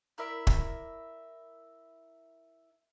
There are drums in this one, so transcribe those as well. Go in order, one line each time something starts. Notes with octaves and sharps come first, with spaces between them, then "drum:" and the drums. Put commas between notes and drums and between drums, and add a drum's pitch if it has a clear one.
E4 A#4 D5 E5
drum: kick